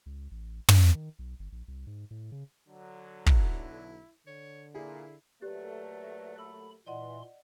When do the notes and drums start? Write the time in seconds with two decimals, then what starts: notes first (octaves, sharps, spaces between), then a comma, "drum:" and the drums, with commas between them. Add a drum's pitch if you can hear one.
0.06 C#2
0.31 A1
0.69 F#2, drum: tom
0.94 D#3
1.19 B1
1.39 G1
1.52 A#1
1.68 C2
1.87 G#2
2.11 A2
2.32 C#3
2.68 D3 F#3
3.26 B1 E4, drum: kick
4.27 D3 C#5
4.74 A#2 E4 G#4
5.42 A#2 F#3 A3 G4 B4 D5
6.39 B5 E6
6.87 A#2 E3 D5 D#5 F#5 C6